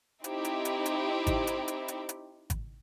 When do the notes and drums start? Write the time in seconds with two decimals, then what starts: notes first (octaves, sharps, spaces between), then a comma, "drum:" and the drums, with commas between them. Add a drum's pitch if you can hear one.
0.24 C4 D#4 E4 G4, drum: hi-hat
0.45 drum: hi-hat
0.65 drum: hi-hat
0.86 drum: hi-hat
1.27 drum: kick G#1, hi-hat
1.47 drum: hi-hat
1.68 drum: hi-hat
1.88 drum: hi-hat
2.09 drum: hi-hat
2.50 drum: kick G#1, hi-hat